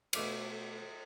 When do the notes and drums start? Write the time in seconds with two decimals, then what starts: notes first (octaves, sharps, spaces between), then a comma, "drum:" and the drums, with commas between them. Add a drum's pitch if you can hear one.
0.13 B2 A3 D4 F4, drum: cymbal